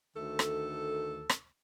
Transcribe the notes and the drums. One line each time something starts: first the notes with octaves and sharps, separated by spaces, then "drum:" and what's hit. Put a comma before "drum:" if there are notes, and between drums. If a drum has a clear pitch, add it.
D2 D#3 A3 A4
drum: rim click
drum: rim click